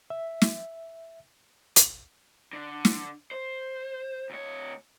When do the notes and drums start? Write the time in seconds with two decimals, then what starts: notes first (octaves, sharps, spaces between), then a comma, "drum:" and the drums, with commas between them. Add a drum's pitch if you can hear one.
0.10 E5
0.42 drum: snare
1.76 drum: hi-hat
2.53 D3
2.85 drum: snare
3.31 C5
4.30 D2 C#5